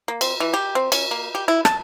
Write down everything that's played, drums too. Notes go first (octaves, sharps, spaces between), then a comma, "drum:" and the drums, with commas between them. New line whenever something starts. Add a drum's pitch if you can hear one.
A#3
C4, drum: cymbal
E3
G4
C4
C#4, drum: cymbal
A#3
G4
E4
A5, drum: rim click